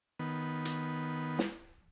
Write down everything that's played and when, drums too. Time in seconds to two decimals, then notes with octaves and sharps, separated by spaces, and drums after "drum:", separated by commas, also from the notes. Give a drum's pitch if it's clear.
0.19 D#3 B3
0.65 drum: hi-hat
1.39 drum: snare